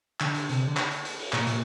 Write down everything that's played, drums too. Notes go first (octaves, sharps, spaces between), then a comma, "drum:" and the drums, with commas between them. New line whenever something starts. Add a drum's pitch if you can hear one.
D3, drum: clap
drum: hi-hat
C3, drum: hi-hat
D3
drum: clap
drum: hi-hat
drum: hi-hat
drum: open hi-hat
A#2, drum: clap
A#2, drum: hi-hat